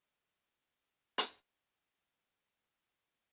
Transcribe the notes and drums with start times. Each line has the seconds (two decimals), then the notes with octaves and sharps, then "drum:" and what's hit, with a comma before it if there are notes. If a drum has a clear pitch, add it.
0.13 F4
0.55 G4
0.69 F4
1.18 drum: hi-hat
1.39 G3
1.53 D3
1.67 C3
1.82 D3
2.24 G3
2.35 A#3
2.45 C4
2.56 D#4
2.66 D#4
2.80 D4
2.94 D4